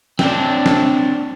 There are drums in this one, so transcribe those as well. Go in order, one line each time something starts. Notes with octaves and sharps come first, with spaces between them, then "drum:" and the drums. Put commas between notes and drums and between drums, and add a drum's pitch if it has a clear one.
C4 D4, drum: snare
drum: snare